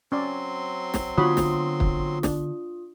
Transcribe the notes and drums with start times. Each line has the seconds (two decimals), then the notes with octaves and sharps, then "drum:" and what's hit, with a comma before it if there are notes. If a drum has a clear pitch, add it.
0.12 F#3 C4 C#4 D5 C6
0.94 drum: snare
1.18 D3 B3 F4 F#4 C#5 B5 D#6
1.37 drum: snare
1.80 drum: kick
2.23 D4, drum: snare